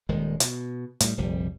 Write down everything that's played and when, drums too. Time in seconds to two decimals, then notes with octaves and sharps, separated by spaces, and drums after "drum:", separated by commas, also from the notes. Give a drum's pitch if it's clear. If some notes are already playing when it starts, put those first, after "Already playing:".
0.09 D#1 D#3 G#3
0.40 B2, drum: hi-hat
1.00 A2 G3, drum: hi-hat
1.17 F1 A#1 F2 G3